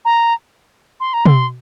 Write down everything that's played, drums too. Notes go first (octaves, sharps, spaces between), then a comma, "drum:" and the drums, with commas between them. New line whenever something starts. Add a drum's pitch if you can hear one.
A#5
C6
A#5
C6, drum: tom